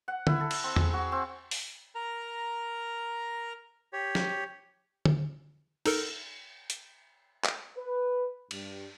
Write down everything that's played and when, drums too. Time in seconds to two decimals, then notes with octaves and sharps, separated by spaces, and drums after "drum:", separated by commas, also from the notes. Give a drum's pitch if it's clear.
0.08 F#5
0.27 E4, drum: tom
0.40 A4
0.51 drum: cymbal
0.63 C4
0.76 G#4, drum: tom E2
0.93 F#4
1.12 C4
1.51 drum: open hi-hat
1.95 A#4 A#5
3.93 G4 C#5
4.15 drum: snare
5.05 drum: tom
5.86 D#4 A4 A#4, drum: cymbal
6.70 drum: hi-hat
7.45 drum: clap
7.77 B4
8.51 G2, drum: cymbal